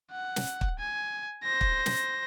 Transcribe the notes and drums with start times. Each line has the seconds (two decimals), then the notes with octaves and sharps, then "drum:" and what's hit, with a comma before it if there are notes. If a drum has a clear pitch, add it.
0.11 F#5
0.36 drum: snare
0.61 drum: kick
0.79 G#5
1.44 C5 A#6
1.61 drum: kick
1.86 drum: snare